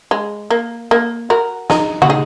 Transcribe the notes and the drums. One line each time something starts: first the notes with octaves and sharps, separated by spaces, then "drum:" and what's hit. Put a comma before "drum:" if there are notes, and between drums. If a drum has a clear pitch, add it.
G#3
A#3
A#3
F#4 A#4
D#4 G#4, drum: snare
F#4, drum: tom C#3
D#4 G#4